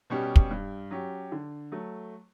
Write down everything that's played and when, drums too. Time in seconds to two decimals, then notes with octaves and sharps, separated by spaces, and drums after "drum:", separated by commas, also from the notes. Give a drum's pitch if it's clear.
0.10 B2 G3 C#4 G4
0.36 drum: kick
0.51 G2
0.91 F#3 C#4 G4
1.32 D3
1.72 F#3 A3